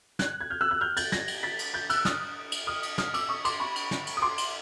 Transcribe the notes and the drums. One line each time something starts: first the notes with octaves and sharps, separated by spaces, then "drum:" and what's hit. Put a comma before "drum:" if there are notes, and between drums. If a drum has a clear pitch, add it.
F#6 G#6, drum: snare
G#6
F6 G6
E6 F#6
E6 F#6
F6 G6
G6 A6, drum: cymbal
G#6 A#6, drum: snare
drum: cymbal
A6 B6
drum: cymbal
G6 A6
E6 F#6, drum: cymbal
D#6 F6, drum: snare
drum: cymbal
D#6 F6
drum: cymbal
D#6 F6, drum: snare
D6 E6, drum: cymbal
C#6 D#6
C6 D6, drum: cymbal
B5 C#6
drum: cymbal
drum: snare
drum: cymbal
D#6
C6 D6
drum: cymbal